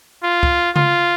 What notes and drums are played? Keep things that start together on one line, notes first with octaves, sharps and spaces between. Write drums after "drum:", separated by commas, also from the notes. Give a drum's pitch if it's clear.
F4
drum: kick C#2
F4, drum: tom C#3